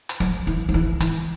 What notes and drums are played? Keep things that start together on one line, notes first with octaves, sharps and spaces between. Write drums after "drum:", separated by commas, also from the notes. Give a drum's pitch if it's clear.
drum: hi-hat
F#3
E3
F#3
E3
E3, drum: hi-hat